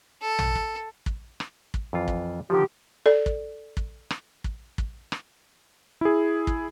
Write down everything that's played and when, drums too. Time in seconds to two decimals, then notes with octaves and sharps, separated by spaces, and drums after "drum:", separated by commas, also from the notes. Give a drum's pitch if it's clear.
0.22 A4
0.39 drum: tom
0.55 drum: kick
1.06 drum: kick
1.40 drum: rim click
1.74 drum: kick
1.93 F2 E3 F4
2.08 drum: kick
2.50 D3 D#3 F3 G4
3.06 A4 D5
3.26 drum: kick
3.77 drum: kick
4.11 drum: rim click
4.44 drum: kick
4.78 drum: kick
5.12 drum: rim click
6.01 E4 G#4
6.47 drum: kick